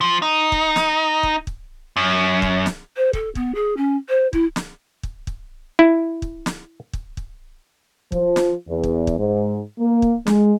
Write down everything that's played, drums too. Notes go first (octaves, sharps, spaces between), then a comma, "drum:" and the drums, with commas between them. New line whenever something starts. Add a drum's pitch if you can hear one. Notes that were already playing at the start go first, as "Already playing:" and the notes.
F3
D#4
drum: kick
drum: snare
drum: kick
drum: kick
F#2
drum: kick
drum: snare
C5
A4, drum: kick
B3, drum: kick
G#4
C#4
C5
E4, drum: kick
drum: snare
drum: kick
drum: kick
E4
drum: kick
drum: snare
drum: kick
drum: kick
F3, drum: kick
drum: snare
E2
drum: kick
drum: kick
G#2
A#3
drum: kick
G#3, drum: snare